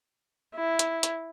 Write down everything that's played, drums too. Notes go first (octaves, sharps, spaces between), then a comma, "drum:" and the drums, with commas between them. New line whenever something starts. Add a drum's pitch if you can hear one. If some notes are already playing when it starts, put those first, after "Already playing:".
E4
drum: hi-hat
drum: hi-hat